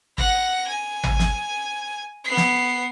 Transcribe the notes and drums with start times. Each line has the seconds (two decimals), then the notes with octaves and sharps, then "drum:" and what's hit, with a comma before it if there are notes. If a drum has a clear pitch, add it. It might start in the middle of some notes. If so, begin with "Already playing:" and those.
0.18 F#5 A#6, drum: kick
0.67 G#5
1.03 drum: tom G#1
1.19 drum: snare
2.25 B3 C7
2.37 drum: snare